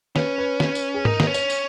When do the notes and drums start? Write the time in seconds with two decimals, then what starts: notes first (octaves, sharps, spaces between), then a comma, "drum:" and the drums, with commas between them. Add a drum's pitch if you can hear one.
0.16 C#4 B4, drum: snare
0.38 B4
0.60 B4, drum: snare
0.75 drum: tambourine
0.94 G#4
1.05 D#4 A#4, drum: tom
1.20 B4, drum: snare
1.27 C#4
1.34 C#5, drum: tambourine
1.50 drum: tambourine